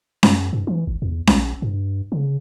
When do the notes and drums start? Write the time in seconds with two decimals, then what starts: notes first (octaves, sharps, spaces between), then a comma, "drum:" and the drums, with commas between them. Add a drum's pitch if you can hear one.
0.23 F#2, drum: snare C#4
0.53 G2
0.67 E3
0.87 G#1
1.02 E2
1.27 A#1, drum: snare C#4
1.62 G2
2.12 C#3